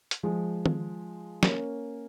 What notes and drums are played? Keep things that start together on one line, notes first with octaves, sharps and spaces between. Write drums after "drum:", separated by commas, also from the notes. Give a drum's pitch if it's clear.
drum: hi-hat
F3 G#3
drum: tom
A#3 C#4, drum: snare